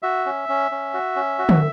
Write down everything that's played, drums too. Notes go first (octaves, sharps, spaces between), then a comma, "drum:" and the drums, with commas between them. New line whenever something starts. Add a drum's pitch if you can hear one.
F#4 E5
C#4
C#4
C#4
F#4
C#4
F#4
drum: tom D3